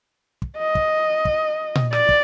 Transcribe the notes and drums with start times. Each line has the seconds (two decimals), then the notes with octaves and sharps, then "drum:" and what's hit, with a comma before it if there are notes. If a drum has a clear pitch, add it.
0.42 drum: kick
0.59 D#5
0.75 drum: kick
1.25 drum: kick
1.75 drum: tom A#2
1.93 D5, drum: rim click
2.09 drum: kick